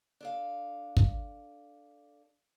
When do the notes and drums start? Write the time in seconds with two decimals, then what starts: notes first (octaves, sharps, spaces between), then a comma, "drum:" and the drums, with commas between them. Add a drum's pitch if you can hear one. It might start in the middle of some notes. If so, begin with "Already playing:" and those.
0.21 D4 A4 F5
0.97 drum: kick